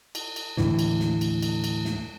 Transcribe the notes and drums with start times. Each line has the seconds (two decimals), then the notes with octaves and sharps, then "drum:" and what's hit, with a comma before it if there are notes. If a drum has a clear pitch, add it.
0.15 drum: cymbal
0.36 drum: cymbal
0.57 D#2 A2 D3 E3, drum: snare
0.79 drum: cymbal
1.00 drum: snare
1.21 drum: cymbal
1.42 drum: cymbal
1.64 drum: cymbal
1.85 drum: snare